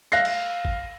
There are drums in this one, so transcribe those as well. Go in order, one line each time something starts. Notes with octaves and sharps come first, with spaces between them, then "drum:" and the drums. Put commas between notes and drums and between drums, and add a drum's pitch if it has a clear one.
F5 F#6 A#6 C7, drum: tambourine
drum: cymbal
drum: kick G#1